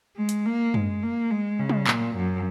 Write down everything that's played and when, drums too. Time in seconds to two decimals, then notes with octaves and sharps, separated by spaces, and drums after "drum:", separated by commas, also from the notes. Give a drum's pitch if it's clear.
0.17 G#3
0.29 drum: hi-hat
0.46 A#3
0.74 G#3, drum: tom F#2
1.03 A#3
1.30 G#3
1.59 C#3
1.69 drum: tom
1.87 A#2, drum: clap
2.16 F#2